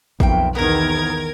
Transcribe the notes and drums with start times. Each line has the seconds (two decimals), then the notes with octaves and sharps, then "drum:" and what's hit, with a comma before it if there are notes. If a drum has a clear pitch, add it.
0.20 B1 F2 A#3 E5 G5, drum: kick
0.55 E2 D#3 B3 C4 A#4 G#6